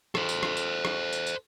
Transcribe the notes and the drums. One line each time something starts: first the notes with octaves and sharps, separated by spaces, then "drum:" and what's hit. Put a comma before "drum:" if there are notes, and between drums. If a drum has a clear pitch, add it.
A4 C5, drum: rim click
drum: tambourine
drum: rim click
drum: tambourine
drum: rim click
drum: tambourine
drum: tambourine